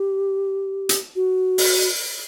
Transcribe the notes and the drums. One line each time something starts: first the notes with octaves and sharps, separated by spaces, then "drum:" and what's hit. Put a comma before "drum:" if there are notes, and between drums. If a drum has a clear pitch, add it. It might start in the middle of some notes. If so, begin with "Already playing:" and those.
Already playing: G4
drum: hi-hat
F#4
drum: open hi-hat